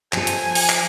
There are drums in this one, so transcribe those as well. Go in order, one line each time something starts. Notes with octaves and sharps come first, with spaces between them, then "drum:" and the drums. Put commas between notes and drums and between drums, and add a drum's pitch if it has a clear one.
F3 A4 G#5, drum: clap
drum: hi-hat
drum: open hi-hat
drum: clap